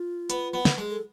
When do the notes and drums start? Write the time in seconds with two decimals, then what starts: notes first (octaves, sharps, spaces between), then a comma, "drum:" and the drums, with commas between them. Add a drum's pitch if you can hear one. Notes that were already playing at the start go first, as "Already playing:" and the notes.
Already playing: F4
0.30 B3, drum: hi-hat
0.54 B3
0.65 drum: snare
0.78 G#3
0.90 A4